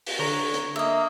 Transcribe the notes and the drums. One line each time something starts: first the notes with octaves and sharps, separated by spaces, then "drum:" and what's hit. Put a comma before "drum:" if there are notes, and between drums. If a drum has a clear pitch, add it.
drum: open hi-hat
D3 C#5 A#5
drum: hi-hat
A#3 D#5 E5